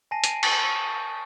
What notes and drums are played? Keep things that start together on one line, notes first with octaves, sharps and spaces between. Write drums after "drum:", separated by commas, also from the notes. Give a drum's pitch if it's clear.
G#5 A5 A#6 C7 D#7
A#6 C7 D7 D#7, drum: hi-hat
A5 C#6 A6 D7, drum: cymbal
C#6